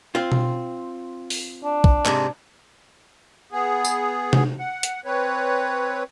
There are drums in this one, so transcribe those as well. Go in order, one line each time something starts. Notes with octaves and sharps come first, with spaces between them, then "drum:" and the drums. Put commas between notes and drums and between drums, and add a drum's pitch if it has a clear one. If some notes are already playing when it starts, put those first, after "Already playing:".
C4 F4
drum: tom B2
drum: open hi-hat
D4
drum: kick
G#2 C3, drum: clap
B3 G#4
drum: tambourine
drum: tom C3
F#5
drum: hi-hat
C4 B4 C#5